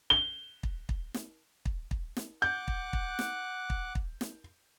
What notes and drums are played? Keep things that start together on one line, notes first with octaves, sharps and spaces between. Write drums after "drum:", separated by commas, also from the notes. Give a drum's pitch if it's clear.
G7
drum: kick
drum: kick
drum: snare
drum: kick
drum: kick
drum: snare
F#5 D6 F#6 G6
drum: kick
drum: kick
drum: snare
drum: kick
drum: kick
drum: snare